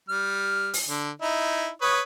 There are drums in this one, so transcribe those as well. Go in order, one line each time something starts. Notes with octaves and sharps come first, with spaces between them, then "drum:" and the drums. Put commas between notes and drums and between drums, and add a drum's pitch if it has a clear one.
G3 F6
drum: open hi-hat
D3
D#4 E4
B4 C#5 D#6